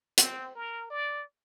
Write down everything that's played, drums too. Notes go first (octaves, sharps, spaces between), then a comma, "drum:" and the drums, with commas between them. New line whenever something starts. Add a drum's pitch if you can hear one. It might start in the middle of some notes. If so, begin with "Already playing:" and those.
C4, drum: hi-hat
A#4
D5